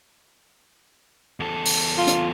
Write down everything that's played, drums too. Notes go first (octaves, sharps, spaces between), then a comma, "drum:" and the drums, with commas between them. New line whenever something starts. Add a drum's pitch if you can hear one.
E2 A4
drum: open hi-hat
F4
drum: hi-hat